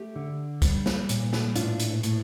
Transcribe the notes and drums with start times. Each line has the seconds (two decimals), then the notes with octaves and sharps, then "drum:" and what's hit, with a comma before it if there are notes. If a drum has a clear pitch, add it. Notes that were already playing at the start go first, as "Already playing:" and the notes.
Already playing: A3 G4
0.16 D3
0.62 G3, drum: kick, hi-hat
0.86 drum: snare
1.09 A#2, drum: hi-hat
1.33 drum: snare
1.56 A2 D4 F4, drum: hi-hat
1.80 drum: hi-hat
2.03 A2, drum: hi-hat